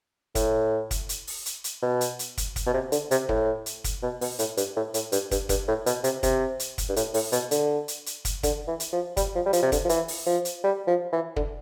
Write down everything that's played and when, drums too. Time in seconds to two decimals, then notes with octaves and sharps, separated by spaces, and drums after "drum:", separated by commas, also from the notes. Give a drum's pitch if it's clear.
0.35 A2, drum: kick, hi-hat
0.91 drum: kick, hi-hat
1.09 drum: hi-hat
1.27 drum: open hi-hat
1.46 drum: hi-hat
1.64 drum: hi-hat
1.82 B2
2.01 drum: hi-hat
2.19 drum: hi-hat
2.37 drum: kick, hi-hat
2.56 drum: kick, hi-hat
2.67 B2
2.74 C3
2.92 D3, drum: hi-hat
3.11 C3, drum: hi-hat
3.29 A2, drum: kick
3.66 drum: hi-hat
3.84 drum: kick, hi-hat
4.03 B2
4.21 B2, drum: open hi-hat
4.39 A2, drum: hi-hat
4.57 G2, drum: hi-hat
4.76 A2
4.94 A2, drum: hi-hat
5.12 G2, drum: hi-hat
5.31 G2, drum: kick, hi-hat
5.49 G2, drum: kick, hi-hat
5.68 A2
5.86 B2, drum: hi-hat
6.04 C3, drum: hi-hat
6.23 C3, drum: kick, hi-hat
6.60 drum: hi-hat
6.78 drum: kick, hi-hat
6.89 G2
6.96 A2, drum: hi-hat
7.14 A2, drum: open hi-hat
7.32 B2, drum: hi-hat
7.51 D3, drum: hi-hat
7.88 drum: hi-hat
8.06 drum: hi-hat
8.25 drum: kick, hi-hat
8.43 D3, drum: kick, hi-hat
8.68 E3
8.80 drum: hi-hat
8.93 F3
9.17 G3, drum: kick, hi-hat
9.35 F3
9.46 G3
9.53 F3, drum: hi-hat
9.63 C3
9.72 D3, drum: kick, hi-hat
9.85 F3
9.89 E3, drum: hi-hat
10.08 drum: open hi-hat
10.26 F3
10.45 drum: hi-hat
10.64 G3
10.87 F3
11.13 E3
11.36 D3, drum: kick